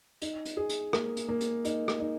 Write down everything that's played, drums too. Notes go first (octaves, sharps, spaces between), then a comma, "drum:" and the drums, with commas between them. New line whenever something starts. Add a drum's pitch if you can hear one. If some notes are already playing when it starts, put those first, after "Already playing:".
D#4, drum: hi-hat
drum: hi-hat
G#4
drum: hi-hat
A#3, drum: rim click
drum: hi-hat
A#3
drum: hi-hat
D#4, drum: hi-hat
drum: rim click
D#4